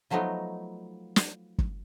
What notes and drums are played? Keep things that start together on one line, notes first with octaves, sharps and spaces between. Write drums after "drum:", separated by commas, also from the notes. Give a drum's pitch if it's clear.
F3 F#3 A3 B3 D#4
drum: snare
drum: kick